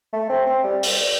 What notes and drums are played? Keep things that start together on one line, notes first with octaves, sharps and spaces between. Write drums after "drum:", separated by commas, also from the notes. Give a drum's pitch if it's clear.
A3
C4
C4
G3
drum: open hi-hat